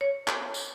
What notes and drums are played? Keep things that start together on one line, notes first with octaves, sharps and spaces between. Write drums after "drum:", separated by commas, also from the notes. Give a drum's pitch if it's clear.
C#5
drum: clap
drum: tambourine